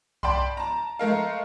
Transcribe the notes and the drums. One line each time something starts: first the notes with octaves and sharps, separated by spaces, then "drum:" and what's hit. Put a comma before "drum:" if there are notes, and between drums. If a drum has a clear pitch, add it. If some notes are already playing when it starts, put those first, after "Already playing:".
D5 G5 A5 B5 C6, drum: kick B1
A5 A#5
G#3 A3 A#4 F5